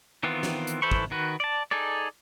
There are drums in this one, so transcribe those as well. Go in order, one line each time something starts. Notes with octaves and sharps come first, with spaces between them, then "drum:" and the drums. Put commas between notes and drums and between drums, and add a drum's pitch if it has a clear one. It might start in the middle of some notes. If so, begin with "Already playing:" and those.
D#3 E3 B3 C4 F4
drum: snare
drum: hi-hat
E3 A4 C5 B5 C#6
drum: kick
D#3 F#4 B4
D5 A5
D#4 G#4 A4 D5